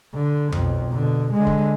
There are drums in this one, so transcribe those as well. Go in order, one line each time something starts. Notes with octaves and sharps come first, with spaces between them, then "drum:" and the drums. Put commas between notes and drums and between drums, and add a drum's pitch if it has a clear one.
D3
B1 F2, drum: tom F2
B2 D3
D3 G#3
drum: kick